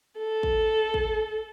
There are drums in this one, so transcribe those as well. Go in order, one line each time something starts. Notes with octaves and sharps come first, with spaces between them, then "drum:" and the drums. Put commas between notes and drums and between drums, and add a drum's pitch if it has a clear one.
A4
drum: kick
drum: kick